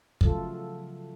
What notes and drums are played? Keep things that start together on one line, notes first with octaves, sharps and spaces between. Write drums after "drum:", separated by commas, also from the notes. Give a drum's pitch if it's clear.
C#3 F3 F#3 A3 F4 A4, drum: kick